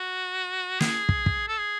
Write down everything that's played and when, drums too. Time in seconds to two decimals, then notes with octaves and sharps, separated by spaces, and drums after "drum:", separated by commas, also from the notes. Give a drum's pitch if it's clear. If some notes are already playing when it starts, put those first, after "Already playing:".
Already playing: F#4
0.80 G#4, drum: snare
1.09 drum: kick
1.26 drum: kick
1.48 A4
1.58 G#4